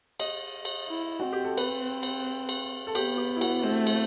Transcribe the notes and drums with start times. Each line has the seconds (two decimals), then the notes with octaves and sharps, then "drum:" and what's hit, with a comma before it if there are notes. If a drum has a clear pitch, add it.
0.20 D#5, drum: cymbal
0.65 drum: cymbal
0.88 E4
1.20 C4 F#4
1.33 G4
1.44 A4
1.58 B4, drum: cymbal
2.03 drum: cymbal
2.49 drum: cymbal
2.87 A4
2.95 B3 G4, drum: cymbal
3.18 G4
3.36 E4
3.41 F#4, drum: cymbal
3.63 A3 C4
3.87 drum: cymbal